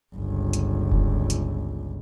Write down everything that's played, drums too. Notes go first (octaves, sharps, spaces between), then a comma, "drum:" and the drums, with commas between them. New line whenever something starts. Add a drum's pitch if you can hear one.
G1 C#2
drum: hi-hat
drum: kick F1
drum: hi-hat